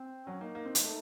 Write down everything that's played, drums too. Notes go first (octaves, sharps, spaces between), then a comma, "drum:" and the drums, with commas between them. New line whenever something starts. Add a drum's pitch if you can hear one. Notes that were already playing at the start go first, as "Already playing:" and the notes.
Already playing: C4
F#3 C#4
A#3 D#4
A#3
C4
A#3, drum: hi-hat
A3